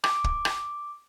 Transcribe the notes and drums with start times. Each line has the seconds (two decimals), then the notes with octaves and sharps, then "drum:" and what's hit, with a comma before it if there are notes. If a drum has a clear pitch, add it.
0.04 D6, drum: rim click
0.24 drum: kick
0.45 drum: rim click